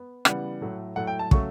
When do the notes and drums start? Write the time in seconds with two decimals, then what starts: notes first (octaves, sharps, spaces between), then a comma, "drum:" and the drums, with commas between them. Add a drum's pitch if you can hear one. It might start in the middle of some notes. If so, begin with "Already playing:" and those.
Already playing: B3
0.25 C#3 E3 G3 B3 F#5, drum: rim click
0.61 A2 F#3 A3
0.96 A2 F#3 A3 F#5
1.07 G5
1.19 A5
1.31 C#3 F#3 A3 C#6, drum: kick